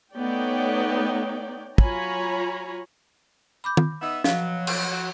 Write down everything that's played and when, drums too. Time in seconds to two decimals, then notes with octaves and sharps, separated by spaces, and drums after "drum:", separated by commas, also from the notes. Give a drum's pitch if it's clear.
0.14 A3 B3 D#4 C#5 D5 G5
1.78 F#3 F4 C#5 G#5 A#5 B5, drum: kick
3.64 B5 D6 G6
3.77 drum: tom
4.01 B3 D#4 E5
4.24 B2 F3 F#3 F5, drum: snare
4.67 drum: cymbal
4.90 F#3